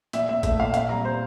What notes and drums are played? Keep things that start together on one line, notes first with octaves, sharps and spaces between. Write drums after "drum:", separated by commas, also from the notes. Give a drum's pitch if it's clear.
A#2 E5, drum: hi-hat
A#2 E5
A3 E5, drum: kick, hi-hat
A#2 F5
C4 F5, drum: hi-hat
G3 A#5
C5